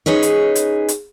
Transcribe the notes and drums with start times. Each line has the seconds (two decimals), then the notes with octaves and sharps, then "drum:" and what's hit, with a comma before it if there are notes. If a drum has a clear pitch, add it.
0.06 C#4 D#4 G#4 B4 C#5
0.23 drum: hi-hat
0.55 drum: hi-hat
0.88 drum: hi-hat